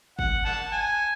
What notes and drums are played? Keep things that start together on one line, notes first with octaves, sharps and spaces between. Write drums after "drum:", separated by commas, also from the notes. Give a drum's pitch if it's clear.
F#5, drum: kick
F#5 A5
G#5